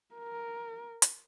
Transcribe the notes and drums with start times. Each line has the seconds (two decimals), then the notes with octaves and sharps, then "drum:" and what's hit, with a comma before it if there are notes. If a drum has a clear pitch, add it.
0.15 A#4
1.02 drum: hi-hat